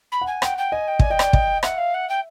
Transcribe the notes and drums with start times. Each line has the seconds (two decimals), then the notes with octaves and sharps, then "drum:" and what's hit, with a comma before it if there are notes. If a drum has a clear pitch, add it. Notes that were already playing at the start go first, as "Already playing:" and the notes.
0.11 B5
0.21 F#5
0.27 G#5
0.42 F#5 G5, drum: rim click
0.57 G5
0.72 D#5 G#5
0.87 G5
0.99 D5 G#5, drum: kick
1.10 D#5 G5
1.19 D5, drum: rim click
1.33 D#5, drum: kick
1.63 E5 F#5, drum: rim click
1.77 F5
1.94 F#5
2.09 G5